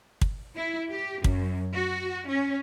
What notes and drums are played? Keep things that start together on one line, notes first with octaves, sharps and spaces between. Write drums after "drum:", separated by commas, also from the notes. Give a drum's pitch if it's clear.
drum: kick
E4
G4
F#2, drum: kick
F#4
C#4